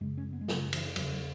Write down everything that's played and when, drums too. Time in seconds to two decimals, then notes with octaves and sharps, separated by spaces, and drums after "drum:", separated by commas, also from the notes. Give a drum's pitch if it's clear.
0.01 F#2 C#3 G#3
0.17 C#4
0.33 B3
0.41 G#3
0.48 F#2 C#3 F#3, drum: snare
0.73 E3, drum: cymbal
0.96 E2 C#3 F#3, drum: cymbal
1.12 F#3